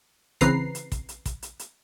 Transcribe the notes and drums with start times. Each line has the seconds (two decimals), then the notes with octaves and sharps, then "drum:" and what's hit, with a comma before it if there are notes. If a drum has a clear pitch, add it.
0.41 C#3 E3 C4 B4 A#5 C7, drum: kick, hi-hat
0.75 drum: hi-hat
0.92 drum: kick, hi-hat
1.09 drum: hi-hat
1.26 drum: kick, hi-hat
1.42 drum: hi-hat
1.59 drum: hi-hat